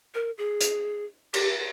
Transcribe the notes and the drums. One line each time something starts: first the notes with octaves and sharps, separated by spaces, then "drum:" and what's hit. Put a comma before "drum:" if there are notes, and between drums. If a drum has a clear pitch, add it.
A#4
G#4
drum: hi-hat
G4, drum: cymbal